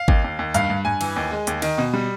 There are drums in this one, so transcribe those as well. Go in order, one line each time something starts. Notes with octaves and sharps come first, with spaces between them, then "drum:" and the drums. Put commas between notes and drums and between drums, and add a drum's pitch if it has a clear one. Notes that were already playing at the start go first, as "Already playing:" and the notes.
Already playing: F5
D#2, drum: kick G#1
D#2
D#2
G2 F5, drum: hi-hat
G2
G2 G#5
E3, drum: cymbal
D#2
G#3
D#2, drum: hi-hat
D#3, drum: cymbal
B2
G3